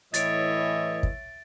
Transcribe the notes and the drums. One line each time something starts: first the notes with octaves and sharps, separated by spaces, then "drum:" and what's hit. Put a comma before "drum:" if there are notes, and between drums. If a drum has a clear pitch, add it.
A2 E3 C#5 D#5 E5 A6 D7, drum: hi-hat
drum: kick